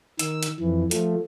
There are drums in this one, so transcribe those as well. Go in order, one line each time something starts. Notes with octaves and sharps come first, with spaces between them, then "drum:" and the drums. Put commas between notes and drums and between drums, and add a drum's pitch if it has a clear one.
D#3 E6, drum: hi-hat
drum: hi-hat
F2 E3
F3 A3, drum: hi-hat